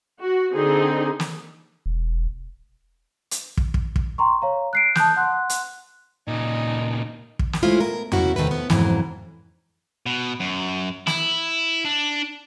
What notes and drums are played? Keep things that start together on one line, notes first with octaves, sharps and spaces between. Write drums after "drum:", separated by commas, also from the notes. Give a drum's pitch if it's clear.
F#4
D3 C4 D#4 G#4
drum: snare
E1
drum: hi-hat
drum: kick
drum: kick
drum: kick
G5 A#5 C6 C#6
C#5 F5 A#5
F#6 C7 D7
A5 D#6 F#6 G6, drum: snare
F#5 C6 F#6
drum: hi-hat
A#2 C#3 D#4
drum: kick
drum: snare
G#3 A3 C#4 E4 F4 C5
B2 A#4
B2 D#3 A#3 C#4 E4 F#4, drum: tom E2
C3 D#3 A3 A#4 B4
F3 B3
F2 G#2 C#3 E3 F#3, drum: snare
B2
F#2
E4, drum: snare
D4